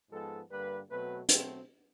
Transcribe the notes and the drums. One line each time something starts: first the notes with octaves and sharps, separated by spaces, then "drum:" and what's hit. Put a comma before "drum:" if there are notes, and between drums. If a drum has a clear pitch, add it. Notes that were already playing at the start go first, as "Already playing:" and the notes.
G#2 F3 G#3 B3 A4
G2 D3 G3 A#3 B4
B2 F#3 A3 C4 B4
B2 F#3 A3 C4, drum: hi-hat